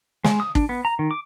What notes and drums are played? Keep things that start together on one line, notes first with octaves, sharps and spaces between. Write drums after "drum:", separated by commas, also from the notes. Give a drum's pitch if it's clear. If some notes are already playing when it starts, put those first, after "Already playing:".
G#3, drum: snare
D#6
D4, drum: kick
B3
A#5
D#3
D6